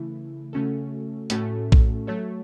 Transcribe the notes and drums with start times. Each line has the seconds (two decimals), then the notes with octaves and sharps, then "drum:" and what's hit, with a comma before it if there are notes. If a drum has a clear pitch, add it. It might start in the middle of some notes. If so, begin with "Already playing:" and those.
Already playing: C#3 E3 A3 E4
0.53 C#3 A3 C#4 F#4 A4
1.30 A2 A3 C#4 F#4 A4, drum: hi-hat
1.72 drum: kick A#1
2.07 F#3 A3 F#4 A4 C#5